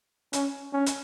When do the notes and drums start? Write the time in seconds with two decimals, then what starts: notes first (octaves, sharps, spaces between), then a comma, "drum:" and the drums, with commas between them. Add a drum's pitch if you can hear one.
0.33 C#4, drum: hi-hat
0.73 C#4
0.86 drum: hi-hat